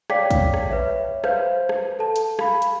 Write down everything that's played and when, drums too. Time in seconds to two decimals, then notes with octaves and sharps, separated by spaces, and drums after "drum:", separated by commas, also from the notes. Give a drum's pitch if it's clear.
0.10 C#5 D5 F5 G5 D6 B6, drum: rim click
0.31 drum: kick, hi-hat
0.54 drum: rim click
0.71 B4 C#5 E5
1.24 B4 C5 F5 G6, drum: rim click
1.69 drum: rim click
1.99 A4 A5
2.16 drum: hi-hat
2.39 F5 B5, drum: rim click
2.62 drum: hi-hat